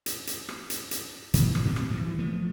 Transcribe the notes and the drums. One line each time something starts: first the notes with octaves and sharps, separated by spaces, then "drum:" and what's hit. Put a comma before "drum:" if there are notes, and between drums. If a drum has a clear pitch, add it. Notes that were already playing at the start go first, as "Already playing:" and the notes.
drum: hi-hat
drum: hi-hat
drum: rim click
drum: hi-hat
drum: hi-hat
A#2 D#3 E3 G3, drum: hi-hat
drum: rim click
A2 C3 G3 A3
drum: rim click
D2 G2 E3
F3 A3 B3